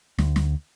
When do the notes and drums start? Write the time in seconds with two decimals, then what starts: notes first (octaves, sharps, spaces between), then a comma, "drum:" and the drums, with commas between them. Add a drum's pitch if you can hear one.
0.18 D2, drum: snare
0.36 drum: snare